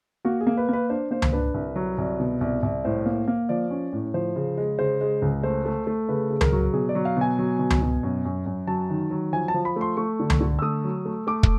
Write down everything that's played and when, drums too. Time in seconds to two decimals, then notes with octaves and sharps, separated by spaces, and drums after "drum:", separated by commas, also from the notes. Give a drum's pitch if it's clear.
0.25 A#3 F#4
0.41 G#4
0.47 A#3
0.57 B4
0.69 A#3 B4
0.90 D4 C5
1.11 A#3 C5
1.22 drum: tom C#2
1.33 D4 B4
1.54 C2
1.76 F#3
1.98 C2
2.20 B2
2.41 C2
2.63 C2
2.85 A2 C5
3.06 A#3
3.28 A#3
3.49 F3 D5
3.70 C#4
3.93 A2
4.14 F3 C5
4.36 C#3
4.57 G#3
4.78 C#3 C5
5.01 G#3
5.22 C#2
5.43 A3 C5
5.65 A3
5.87 A3
6.09 C#3 B4
6.30 C#3
6.41 A#4, drum: tom C#2
6.52 F#3
6.73 B2 G#4
6.89 D5
6.95 F#3
7.05 F5
7.17 B2 G#5
7.39 F#3
7.59 B2
7.70 drum: tom C#2
7.82 B2
8.03 F#2
8.25 F#2
8.46 F#2
8.67 F#3 A5
8.90 D#3
9.11 F#3
9.33 F3 G#5
9.48 A5
9.54 F3
9.65 B5
9.76 A3 C6
9.97 A3 C#6
10.20 D3
10.30 drum: tom C#2
10.41 D3
10.59 E6
10.62 A3 D#6
10.84 F#3
11.05 A3
11.27 A3 D6
11.43 drum: kick